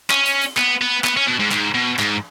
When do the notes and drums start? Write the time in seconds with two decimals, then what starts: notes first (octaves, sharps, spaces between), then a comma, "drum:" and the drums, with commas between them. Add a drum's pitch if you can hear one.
0.10 C#4, drum: clap
0.26 drum: hi-hat
0.41 drum: hi-hat
0.57 B3, drum: clap
0.81 B3
1.04 B3, drum: clap
1.17 C#4
1.27 B2
1.40 G#2
1.52 G#2, drum: clap
1.75 B2
1.99 G#2, drum: clap